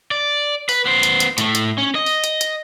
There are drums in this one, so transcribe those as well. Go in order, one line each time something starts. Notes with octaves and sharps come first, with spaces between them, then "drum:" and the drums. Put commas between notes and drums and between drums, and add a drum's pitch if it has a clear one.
D5
B4, drum: open hi-hat
B3 C5
drum: hi-hat
drum: hi-hat
A2 A3, drum: hi-hat
drum: hi-hat
C#4
D#5
drum: open hi-hat
drum: hi-hat
drum: hi-hat